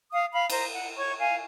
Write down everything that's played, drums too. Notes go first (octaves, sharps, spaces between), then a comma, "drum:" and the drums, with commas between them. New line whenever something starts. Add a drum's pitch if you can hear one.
F5 D#6
F5 B5
C5 A#5, drum: cymbal
F#5
C#5 C#6
F5 G#5